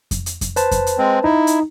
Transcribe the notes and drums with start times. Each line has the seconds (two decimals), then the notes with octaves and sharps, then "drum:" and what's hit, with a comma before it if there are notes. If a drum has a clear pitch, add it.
0.11 drum: kick F2, hi-hat
0.26 drum: hi-hat
0.41 drum: kick F2, hi-hat
0.56 B4 C5 A5, drum: hi-hat
0.71 drum: kick F2, hi-hat
0.87 drum: hi-hat
0.98 G#3 C4
1.24 D#4 E4
1.47 drum: hi-hat